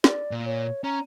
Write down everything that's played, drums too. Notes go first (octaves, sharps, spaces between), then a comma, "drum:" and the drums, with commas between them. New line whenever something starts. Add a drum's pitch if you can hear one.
D5, drum: snare
A#2
C#5
C#4 A#5